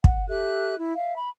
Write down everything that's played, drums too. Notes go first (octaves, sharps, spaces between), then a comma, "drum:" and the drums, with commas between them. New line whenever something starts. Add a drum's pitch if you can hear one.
F#5, drum: kick
G4 A4 E5 F#6
E4
E5 F5
B5